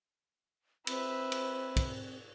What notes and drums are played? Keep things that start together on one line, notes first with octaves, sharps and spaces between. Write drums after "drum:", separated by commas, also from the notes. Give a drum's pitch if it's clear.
C4 B4 E5, drum: cymbal
drum: cymbal
drum: kick, cymbal